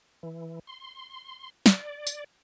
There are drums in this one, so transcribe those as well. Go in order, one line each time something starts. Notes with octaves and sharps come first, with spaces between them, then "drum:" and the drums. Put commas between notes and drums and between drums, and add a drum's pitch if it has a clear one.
E3
C6
D5, drum: snare
drum: tambourine